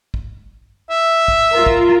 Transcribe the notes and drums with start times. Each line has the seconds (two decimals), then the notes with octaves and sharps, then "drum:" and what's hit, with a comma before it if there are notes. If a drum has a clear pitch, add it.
0.14 drum: kick
0.90 E5
1.28 drum: kick
1.52 F4 A#4
1.66 drum: kick